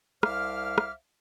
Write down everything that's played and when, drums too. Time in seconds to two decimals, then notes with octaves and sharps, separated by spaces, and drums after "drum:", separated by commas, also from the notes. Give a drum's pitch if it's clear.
0.23 C2 C5 E5 F5 D6 F6, drum: rim click
0.78 drum: rim click